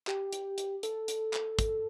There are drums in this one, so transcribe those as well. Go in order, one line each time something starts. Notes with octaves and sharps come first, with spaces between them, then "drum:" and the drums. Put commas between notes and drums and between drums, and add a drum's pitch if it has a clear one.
G4, drum: clap
drum: hi-hat
drum: hi-hat
A4, drum: hi-hat
drum: hi-hat
drum: clap
drum: kick, hi-hat